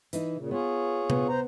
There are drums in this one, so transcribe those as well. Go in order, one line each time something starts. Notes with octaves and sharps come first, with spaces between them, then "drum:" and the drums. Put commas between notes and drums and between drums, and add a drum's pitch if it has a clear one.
E3 D#4, drum: hi-hat
A#2 C#3
B3 F4 G#4 C#5
B3, drum: tom C3
C5 A#5